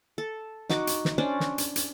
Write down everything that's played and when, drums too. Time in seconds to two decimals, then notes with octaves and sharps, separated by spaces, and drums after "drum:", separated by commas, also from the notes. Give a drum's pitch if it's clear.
0.18 A4
0.70 D#4 F#4 D6, drum: snare
0.87 drum: hi-hat
1.05 drum: snare
1.18 C#4 D4 C5 D5
1.40 drum: snare
1.58 drum: hi-hat
1.76 drum: hi-hat